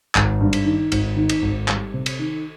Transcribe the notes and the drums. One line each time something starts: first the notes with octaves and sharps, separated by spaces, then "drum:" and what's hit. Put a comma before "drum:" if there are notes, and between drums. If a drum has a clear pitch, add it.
G#1, drum: clap
G2
drum: cymbal
D#3
G#1, drum: cymbal
D#3
drum: cymbal
G#1
G3, drum: clap
C3
drum: cymbal
D#3